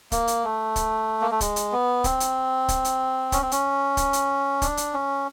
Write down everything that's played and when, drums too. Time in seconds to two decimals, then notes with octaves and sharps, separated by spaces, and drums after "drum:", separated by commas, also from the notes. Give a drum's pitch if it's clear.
0.12 A#3, drum: kick D1, hi-hat
0.27 drum: hi-hat
0.44 A3
0.76 drum: kick D1, hi-hat
1.21 A#3
1.31 A3
1.41 G#3, drum: kick D1, hi-hat
1.56 drum: hi-hat
1.72 B3
2.04 C4, drum: kick D1, hi-hat
2.20 drum: hi-hat
2.68 drum: kick D1, hi-hat
2.85 drum: hi-hat
3.32 C#4, drum: kick D1, hi-hat
3.42 C4
3.52 C#4, drum: hi-hat
3.97 drum: kick D1, hi-hat
4.13 drum: hi-hat
4.62 D4, drum: kick D1, hi-hat
4.77 drum: hi-hat
4.94 C#4